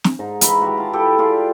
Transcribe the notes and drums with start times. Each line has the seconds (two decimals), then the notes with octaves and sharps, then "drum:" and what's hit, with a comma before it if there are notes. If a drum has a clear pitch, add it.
0.04 drum: snare
0.19 G#2 D#4
0.41 E3 E4 A#5 B5, drum: hi-hat
0.62 F#4 G4
0.77 F4 A5
0.93 E4 G4 A4
1.18 F4 G4 G#4 D5